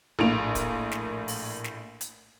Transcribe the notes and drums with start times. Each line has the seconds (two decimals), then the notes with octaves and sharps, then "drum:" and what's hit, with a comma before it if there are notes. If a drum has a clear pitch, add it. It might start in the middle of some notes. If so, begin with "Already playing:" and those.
0.19 A#1 A2 A#3 D7 F7
0.55 drum: kick, hi-hat
0.91 drum: snare
1.28 drum: open hi-hat
1.64 drum: snare
2.01 drum: hi-hat